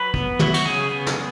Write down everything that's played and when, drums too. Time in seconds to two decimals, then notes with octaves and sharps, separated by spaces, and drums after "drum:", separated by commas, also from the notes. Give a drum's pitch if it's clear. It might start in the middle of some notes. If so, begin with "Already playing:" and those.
Already playing: F#3 B4
0.14 B3, drum: kick
0.39 F#3 E4, drum: tom
0.54 F#4, drum: cymbal
0.65 C#3 G#4
0.91 B3
1.06 drum: snare